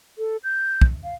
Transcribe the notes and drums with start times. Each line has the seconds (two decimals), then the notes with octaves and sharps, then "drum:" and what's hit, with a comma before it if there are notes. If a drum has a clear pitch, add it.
0.18 A4
0.44 G6
0.81 drum: kick
1.04 F5